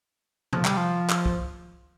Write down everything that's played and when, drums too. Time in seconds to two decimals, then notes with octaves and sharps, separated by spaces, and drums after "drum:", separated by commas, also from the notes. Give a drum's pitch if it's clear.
0.53 F3, drum: tom C3
0.65 G3, drum: clap
0.77 F3
1.09 drum: clap
1.26 drum: kick